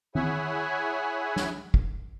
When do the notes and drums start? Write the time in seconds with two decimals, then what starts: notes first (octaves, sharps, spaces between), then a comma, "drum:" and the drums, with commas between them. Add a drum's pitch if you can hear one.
0.15 E4 G#4 C#5 E5 F#5 G#5, drum: tom D#3
1.36 drum: snare
1.74 drum: kick